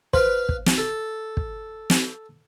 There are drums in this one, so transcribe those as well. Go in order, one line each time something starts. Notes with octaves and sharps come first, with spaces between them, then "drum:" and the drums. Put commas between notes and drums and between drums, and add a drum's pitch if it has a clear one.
B4 C5 F5, drum: kick
drum: kick
drum: snare
A4
drum: kick
drum: snare